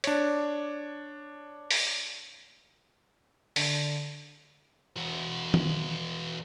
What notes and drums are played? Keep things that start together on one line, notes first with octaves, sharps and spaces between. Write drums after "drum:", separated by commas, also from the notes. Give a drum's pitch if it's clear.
D4 C#5, drum: hi-hat
drum: open hi-hat
D3, drum: open hi-hat
E2 F#4
drum: tom